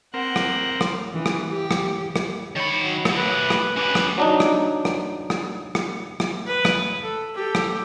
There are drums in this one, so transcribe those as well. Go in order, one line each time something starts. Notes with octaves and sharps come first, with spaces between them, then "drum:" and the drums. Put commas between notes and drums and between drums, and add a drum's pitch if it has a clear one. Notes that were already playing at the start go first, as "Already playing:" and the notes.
C4 A#4 F#5
drum: rim click
drum: rim click
E3
drum: rim click
G4
drum: rim click
drum: rim click
D#3 C#5 B5
F#3
A3 G4, drum: rim click
B4
drum: rim click
C#4 G4 B4
drum: rim click
F#3 D4 D#4
drum: rim click
drum: rim click
drum: rim click
drum: rim click
drum: rim click
B4
drum: rim click
A4
G4 A4
drum: rim click